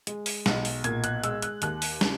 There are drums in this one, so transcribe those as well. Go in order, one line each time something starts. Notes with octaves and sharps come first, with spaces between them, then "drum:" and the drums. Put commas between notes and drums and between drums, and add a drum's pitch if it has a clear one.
G#3, drum: hi-hat
drum: open hi-hat
B1, drum: snare
drum: open hi-hat
A#2 G#6, drum: hi-hat
F#6, drum: hi-hat
G#3 E6, drum: hi-hat
F#6, drum: hi-hat
D#2 F#6, drum: hi-hat
drum: open hi-hat
C#3, drum: snare